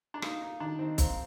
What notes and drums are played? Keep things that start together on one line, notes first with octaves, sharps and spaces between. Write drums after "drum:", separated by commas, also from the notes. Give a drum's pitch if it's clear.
D4
A#3 D#4, drum: rim click
A#3 D#4
D#3 D4
D#3 C4
A#3 C4, drum: kick, hi-hat